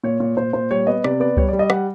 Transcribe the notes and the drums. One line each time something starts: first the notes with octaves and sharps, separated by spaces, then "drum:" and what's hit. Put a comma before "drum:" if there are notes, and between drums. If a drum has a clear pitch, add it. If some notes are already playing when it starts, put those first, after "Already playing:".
A#2 C#5
A#2
A#2 C5
A#2 C5
G3 C#5
B3 D#5
C3 D5, drum: rim click
B3 D5
G3 C#5, drum: kick C#2
G3 D5
D#5
G3 F#5, drum: rim click